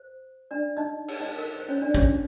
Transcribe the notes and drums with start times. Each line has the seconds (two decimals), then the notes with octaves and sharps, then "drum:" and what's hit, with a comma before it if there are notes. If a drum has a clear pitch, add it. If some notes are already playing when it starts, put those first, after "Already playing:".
Already playing: C5
0.51 D4 D5
0.77 D#4 D#5
1.08 drum: cymbal
1.20 D#4 D#5
1.38 A#4
1.56 C5
1.69 C#4 C#5
1.82 D4 D5
1.95 C#4 C#5, drum: kick G#1